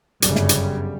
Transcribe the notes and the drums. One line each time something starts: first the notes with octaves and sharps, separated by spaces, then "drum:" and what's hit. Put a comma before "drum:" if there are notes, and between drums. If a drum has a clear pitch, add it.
G1 F#2 C#3 G3, drum: hi-hat
drum: snare
drum: hi-hat